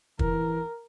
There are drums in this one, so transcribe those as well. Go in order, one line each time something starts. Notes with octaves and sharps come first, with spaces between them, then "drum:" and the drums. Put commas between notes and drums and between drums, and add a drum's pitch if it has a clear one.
E3 A#4, drum: kick